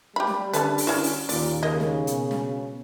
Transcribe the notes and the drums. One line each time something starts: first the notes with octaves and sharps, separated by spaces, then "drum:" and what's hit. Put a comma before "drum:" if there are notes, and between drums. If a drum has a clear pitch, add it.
G3 G4 B5
drum: snare
D3 C#4 A4 B4, drum: hi-hat
drum: open hi-hat
C#4 E4 F#4
drum: open hi-hat
D#2 A#2 D5, drum: open hi-hat
C#3 A#4 D#5
drum: snare
B2, drum: hi-hat
drum: snare